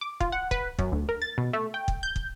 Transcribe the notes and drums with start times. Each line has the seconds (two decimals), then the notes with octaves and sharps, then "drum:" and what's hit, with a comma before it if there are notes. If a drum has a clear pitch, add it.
0.01 D6
0.20 F4, drum: kick
0.32 F#5
0.51 B4, drum: kick
0.79 F#2, drum: kick
0.92 D2
1.09 A#4
1.22 A6
1.38 B2
1.53 A3
1.74 G5
1.88 drum: kick
2.03 G6
2.16 drum: kick